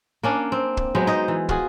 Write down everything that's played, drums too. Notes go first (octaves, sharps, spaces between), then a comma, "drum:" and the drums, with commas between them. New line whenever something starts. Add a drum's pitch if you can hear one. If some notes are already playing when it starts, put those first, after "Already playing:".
A#3 C#4 D4
C4
drum: kick
F#3 G#3 B3 C5
D#4 D#5
E3
F4 F#4 G#4, drum: kick